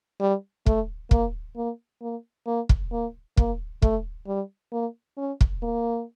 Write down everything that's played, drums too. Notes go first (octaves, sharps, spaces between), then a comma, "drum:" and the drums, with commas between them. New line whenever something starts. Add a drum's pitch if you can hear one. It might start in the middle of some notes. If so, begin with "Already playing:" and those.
G3
A3, drum: kick
A#3, drum: kick
A#3
A#3
A#3
drum: kick
A#3
A#3, drum: kick
A3, drum: kick
G3
A#3
C#4
drum: kick
A#3